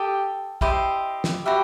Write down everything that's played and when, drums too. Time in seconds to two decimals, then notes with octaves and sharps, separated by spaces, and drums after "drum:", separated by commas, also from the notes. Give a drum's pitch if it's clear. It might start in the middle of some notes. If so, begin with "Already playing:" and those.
Already playing: G4 A4 G5 D#6
0.61 E4 G4 C5 D#5, drum: kick
1.24 drum: snare
1.46 F#4 G4 B4 E5